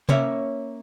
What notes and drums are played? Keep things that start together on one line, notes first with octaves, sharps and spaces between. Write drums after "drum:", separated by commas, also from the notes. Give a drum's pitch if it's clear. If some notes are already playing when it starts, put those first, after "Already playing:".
A#3 C#4 C#5 E5, drum: tom C3